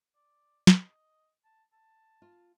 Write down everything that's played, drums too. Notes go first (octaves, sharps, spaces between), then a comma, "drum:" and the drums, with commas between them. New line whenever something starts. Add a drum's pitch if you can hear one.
D5
drum: snare
D#5
A5
A5
F4